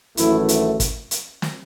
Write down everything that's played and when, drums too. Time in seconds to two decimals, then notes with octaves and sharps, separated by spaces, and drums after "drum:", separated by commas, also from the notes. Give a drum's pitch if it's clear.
0.17 G#1 F#2 E3 A3 E4, drum: hi-hat
0.49 drum: hi-hat
0.80 drum: kick, hi-hat
1.11 drum: hi-hat
1.42 drum: snare